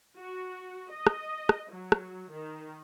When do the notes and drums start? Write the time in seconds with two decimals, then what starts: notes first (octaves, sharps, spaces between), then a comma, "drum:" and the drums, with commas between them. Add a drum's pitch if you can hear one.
0.16 F#4
0.91 D#5
1.07 drum: rim click
1.49 drum: rim click
1.71 F#3
1.92 drum: rim click
2.32 D#3